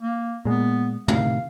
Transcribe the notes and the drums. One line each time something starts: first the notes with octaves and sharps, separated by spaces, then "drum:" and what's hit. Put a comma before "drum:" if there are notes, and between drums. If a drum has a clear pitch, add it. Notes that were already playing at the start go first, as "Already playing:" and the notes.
A#3
A#2 G#3 B3
A2 C3 D#3 F5, drum: tom